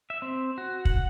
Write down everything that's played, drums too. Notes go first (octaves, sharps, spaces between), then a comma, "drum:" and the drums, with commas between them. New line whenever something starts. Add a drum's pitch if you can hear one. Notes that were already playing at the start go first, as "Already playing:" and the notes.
E5
C4
F#4
F#5, drum: kick